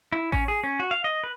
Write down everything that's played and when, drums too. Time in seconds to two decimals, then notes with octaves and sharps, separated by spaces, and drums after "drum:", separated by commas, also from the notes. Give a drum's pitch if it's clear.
0.12 E4
0.32 C#4, drum: kick A1
0.48 G#4
0.64 C#4
0.80 F#4
0.91 F5
1.04 D#5
1.24 B4